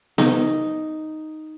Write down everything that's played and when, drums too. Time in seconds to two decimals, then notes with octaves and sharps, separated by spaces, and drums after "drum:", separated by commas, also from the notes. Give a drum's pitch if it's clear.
0.18 D#4, drum: snare B3